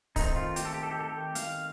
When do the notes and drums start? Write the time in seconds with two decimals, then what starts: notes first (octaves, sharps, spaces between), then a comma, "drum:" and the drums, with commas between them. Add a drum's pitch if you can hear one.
0.16 D#3 A3 C4 D#4, drum: kick, open hi-hat
0.36 F4
0.56 G4, drum: hi-hat
0.65 A4
0.74 G4
0.83 A4
0.91 G4
1.01 A4
1.09 G4
1.35 F5, drum: hi-hat